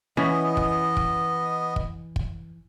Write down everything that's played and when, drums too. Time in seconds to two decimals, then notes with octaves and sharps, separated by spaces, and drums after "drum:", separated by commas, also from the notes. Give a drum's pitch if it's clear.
0.17 E3 B3 C#4 D#5
0.57 drum: kick
0.97 drum: kick
1.76 drum: kick
2.16 drum: kick